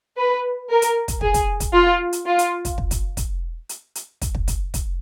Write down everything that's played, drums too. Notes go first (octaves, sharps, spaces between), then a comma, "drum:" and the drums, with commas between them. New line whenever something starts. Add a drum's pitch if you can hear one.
B4
A#4
drum: hi-hat
drum: kick, hi-hat
G#4, drum: kick
drum: kick, hi-hat
drum: kick, hi-hat
F4
drum: hi-hat
F4
drum: hi-hat
drum: kick, hi-hat
drum: kick
drum: kick, hi-hat
drum: kick, hi-hat
drum: hi-hat
drum: hi-hat
drum: kick, hi-hat
drum: kick
drum: kick, hi-hat
drum: kick, hi-hat